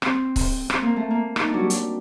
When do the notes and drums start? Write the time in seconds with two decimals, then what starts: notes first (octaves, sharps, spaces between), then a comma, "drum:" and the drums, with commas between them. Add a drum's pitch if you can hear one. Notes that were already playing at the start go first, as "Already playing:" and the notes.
0.02 C4, drum: rim click
0.36 drum: kick C#1, open hi-hat
0.70 C4, drum: rim click
0.82 A#3
0.96 A3
1.11 A#3
1.36 D#4, drum: rim click
1.47 D4
1.54 F#3
1.59 G3
1.70 drum: hi-hat